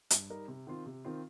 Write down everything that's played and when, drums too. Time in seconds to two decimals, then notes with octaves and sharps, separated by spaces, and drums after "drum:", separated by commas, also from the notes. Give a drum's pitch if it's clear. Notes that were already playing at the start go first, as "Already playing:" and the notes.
0.10 G2, drum: hi-hat
0.30 G3 D#4 A#4
0.48 C3
0.67 D#3 C4 F4
0.86 C3
1.05 D#3 C4 F4